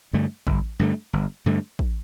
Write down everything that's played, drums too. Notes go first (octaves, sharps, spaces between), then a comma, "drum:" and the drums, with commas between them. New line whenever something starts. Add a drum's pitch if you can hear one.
G2 D3 A3
G1, drum: kick A1
G2 D3 A3
G1
G2 D3 A3
drum: kick A1